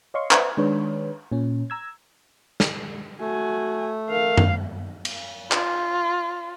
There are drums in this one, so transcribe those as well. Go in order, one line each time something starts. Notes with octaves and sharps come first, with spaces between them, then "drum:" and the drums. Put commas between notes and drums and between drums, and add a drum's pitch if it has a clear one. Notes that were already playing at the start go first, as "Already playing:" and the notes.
C#5 D#5 F5 C6 C#6
B4 C5 D5 E5 F#5, drum: clap
D#3 G#3 D4 B4 C#5
A#2 C#4
A#5 E6 G#6
drum: snare
A3 F#4 G#5
A#4 F5
drum: tom F#2
drum: cymbal
F4, drum: clap